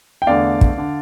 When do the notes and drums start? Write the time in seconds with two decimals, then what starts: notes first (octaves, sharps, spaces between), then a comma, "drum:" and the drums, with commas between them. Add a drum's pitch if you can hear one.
0.22 G5
0.27 E2 D3 A3 D5 F5
0.61 drum: kick
0.78 D3